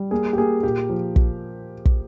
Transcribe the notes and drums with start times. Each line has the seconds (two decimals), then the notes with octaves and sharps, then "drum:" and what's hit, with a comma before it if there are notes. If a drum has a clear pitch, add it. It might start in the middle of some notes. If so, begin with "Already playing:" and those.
Already playing: G3
0.11 A#3 G#4
0.33 G4
0.38 A#3 G#4
0.63 A#2 G4
0.90 F3
1.16 drum: kick
1.85 drum: kick